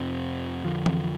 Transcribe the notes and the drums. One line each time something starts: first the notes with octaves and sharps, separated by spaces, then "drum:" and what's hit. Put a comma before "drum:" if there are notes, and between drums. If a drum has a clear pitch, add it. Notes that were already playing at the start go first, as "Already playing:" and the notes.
Already playing: F2 C3 C4
F2 D3 F3
drum: tom E3